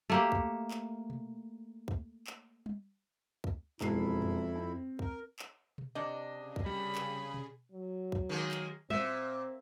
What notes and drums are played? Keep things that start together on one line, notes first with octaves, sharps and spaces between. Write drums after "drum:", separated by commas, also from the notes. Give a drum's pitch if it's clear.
A3 A#3 G4
drum: kick
drum: clap
drum: tom B2
drum: kick
drum: clap
drum: tom G3
drum: kick
E1 F2 E4 C7, drum: clap
drum: tom E2
C4
A#4, drum: kick
drum: clap
drum: tom B2
C3 D4 D#5
C#3 G#4
drum: kick
G3 B5
drum: clap
drum: tom B2
F#3
drum: kick
D#3 G#3 A#3
drum: clap
A#2 C4 E5, drum: tom G3